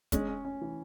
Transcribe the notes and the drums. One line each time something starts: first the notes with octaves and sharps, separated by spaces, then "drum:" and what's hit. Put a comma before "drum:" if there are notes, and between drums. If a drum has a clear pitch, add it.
G#3 C#4, drum: kick, hi-hat
C#4
C#4
E3